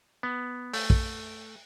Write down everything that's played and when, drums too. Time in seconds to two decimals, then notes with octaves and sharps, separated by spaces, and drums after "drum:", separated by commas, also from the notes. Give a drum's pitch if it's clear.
0.23 B3
0.74 A3, drum: open hi-hat
0.90 drum: kick